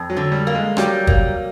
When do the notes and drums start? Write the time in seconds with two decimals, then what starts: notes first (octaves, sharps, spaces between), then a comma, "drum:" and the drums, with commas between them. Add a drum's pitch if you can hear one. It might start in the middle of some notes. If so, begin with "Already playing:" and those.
Already playing: F2
0.10 F#3
0.17 D3
0.32 G3
0.47 A#3
0.55 G#3
0.77 F#3 G3, drum: rim click
1.07 A#3, drum: kick